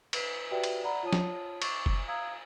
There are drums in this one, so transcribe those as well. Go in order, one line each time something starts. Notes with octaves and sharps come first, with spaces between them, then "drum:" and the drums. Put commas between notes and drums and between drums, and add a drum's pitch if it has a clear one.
B4 B6, drum: cymbal
F#4 G4 B4 D5 E5 G5
drum: cymbal
D5 F#5 A#5 B5
F4 C#5 A5 D#6 D#7
drum: snare
C#6 D6 A6, drum: cymbal
drum: kick F#1
F5 A#5 D#6 E6 G#6